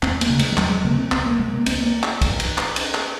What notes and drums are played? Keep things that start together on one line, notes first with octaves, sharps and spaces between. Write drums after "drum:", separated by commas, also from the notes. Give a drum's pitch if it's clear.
D#2 C4, drum: clap
A#3, drum: cymbal
C#3
G#3, drum: cymbal
F3
D#2 F#3, drum: clap
G#3
C#3 A#3
C4
C#2 C4, drum: clap
A#3
C3 G#3
A#3
C#2 C4, drum: cymbal
A#3
drum: clap
drum: kick, cymbal
drum: cymbal
drum: clap
drum: cymbal
drum: clap